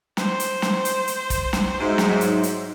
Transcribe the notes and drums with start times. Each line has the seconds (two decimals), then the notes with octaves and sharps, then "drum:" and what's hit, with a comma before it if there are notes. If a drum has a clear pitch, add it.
0.17 C5, drum: snare
0.40 drum: hi-hat
0.62 drum: snare
0.85 drum: hi-hat
1.07 drum: hi-hat
1.30 drum: kick, hi-hat
1.53 drum: snare
1.80 G#2 F#3 D#4 E5
1.98 drum: snare
2.21 drum: hi-hat
2.43 drum: hi-hat